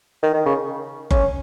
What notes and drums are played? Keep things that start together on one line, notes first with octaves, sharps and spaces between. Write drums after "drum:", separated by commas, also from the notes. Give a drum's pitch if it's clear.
D#3
D#3
C#3
C#4, drum: kick F#1